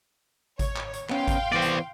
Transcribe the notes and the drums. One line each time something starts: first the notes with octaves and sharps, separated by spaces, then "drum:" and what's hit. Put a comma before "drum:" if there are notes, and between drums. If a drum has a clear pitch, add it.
C#5, drum: kick G#1, hi-hat
drum: clap
drum: hi-hat
B3 C#4 F5 G5 C6, drum: clap
drum: kick G#1, hi-hat
E3 B3 C5 D5
drum: hi-hat